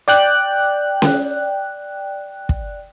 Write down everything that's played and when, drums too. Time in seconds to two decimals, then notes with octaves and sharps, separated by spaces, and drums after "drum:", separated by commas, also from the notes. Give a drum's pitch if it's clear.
0.08 D5 G5 F#6, drum: hi-hat
1.02 drum: snare C#4
2.49 drum: kick